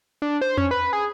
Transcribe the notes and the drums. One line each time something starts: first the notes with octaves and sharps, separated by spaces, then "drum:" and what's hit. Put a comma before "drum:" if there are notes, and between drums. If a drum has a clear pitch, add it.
D4
C5
C#4, drum: tom E2
B4
G#4